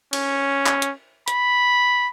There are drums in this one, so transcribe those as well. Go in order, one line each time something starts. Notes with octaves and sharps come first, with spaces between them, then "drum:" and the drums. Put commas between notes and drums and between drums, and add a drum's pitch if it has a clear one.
C#4, drum: cymbal
drum: clap
drum: hi-hat
B5, drum: hi-hat